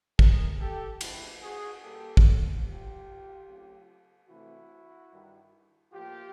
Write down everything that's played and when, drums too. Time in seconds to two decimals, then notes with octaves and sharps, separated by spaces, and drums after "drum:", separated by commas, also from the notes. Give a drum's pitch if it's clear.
0.19 C3 E3 A3 C4 G#4 A#4, drum: kick
0.60 G4 A4
1.01 F2 D3 F3 A3 E4 F#4, drum: cymbal
1.42 F#4 G#4
1.83 A#2 G3 A#3 G4 A4
2.17 drum: kick
2.65 G2 D#3 F#3 F4 G4
3.47 C#3 F#3 A3 C4
4.28 C3 E3 A3 C4 E4 F#4
5.11 G2 D#3 G3
5.92 A2 F3 A#3 F4 G4